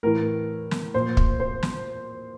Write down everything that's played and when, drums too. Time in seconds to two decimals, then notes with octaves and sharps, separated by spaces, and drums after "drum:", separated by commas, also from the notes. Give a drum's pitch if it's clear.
0.03 A2 E3 A#4
0.71 drum: snare
0.94 A#2 F3 C5
1.17 drum: kick
1.40 C5
1.63 drum: snare